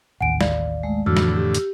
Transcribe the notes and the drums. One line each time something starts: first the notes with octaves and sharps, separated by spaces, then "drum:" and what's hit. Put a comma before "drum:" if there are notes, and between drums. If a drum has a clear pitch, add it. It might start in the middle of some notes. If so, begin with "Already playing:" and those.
A1 D#2 F#5 G#5 D7
D5 F5, drum: snare
G#3 A3
F2 A2 D3 E3 F3 F#4 E6 F6
drum: snare
G4
drum: hi-hat